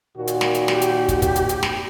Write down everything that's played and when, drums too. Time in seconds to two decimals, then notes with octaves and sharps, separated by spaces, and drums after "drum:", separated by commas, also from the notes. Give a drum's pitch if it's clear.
0.17 D#2 A#2 F#4
0.27 drum: hi-hat
0.41 drum: snare
0.54 drum: hi-hat
0.68 G4, drum: snare
0.82 drum: hi-hat
1.09 drum: kick, hi-hat
1.22 drum: kick, hi-hat
1.36 drum: hi-hat
1.49 drum: hi-hat
1.63 drum: snare